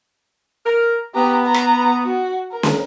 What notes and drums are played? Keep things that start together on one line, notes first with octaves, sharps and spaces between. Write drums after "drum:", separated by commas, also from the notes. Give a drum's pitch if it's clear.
A#4
B3 G4 A#5
A#5
drum: rim click
F#4
A#4
drum: snare